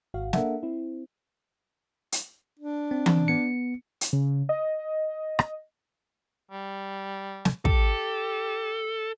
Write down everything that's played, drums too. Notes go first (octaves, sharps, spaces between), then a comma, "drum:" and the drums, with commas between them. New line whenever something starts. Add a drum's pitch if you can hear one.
G#1 F#4 F5
A#3 D4 A4 A#4 E5 F#5, drum: snare
C4 E4
drum: hi-hat
D4
C4
drum: tom E3
B3 C#7
drum: hi-hat
C#3
D#5
drum: rim click
G3
drum: snare
G4 A4, drum: kick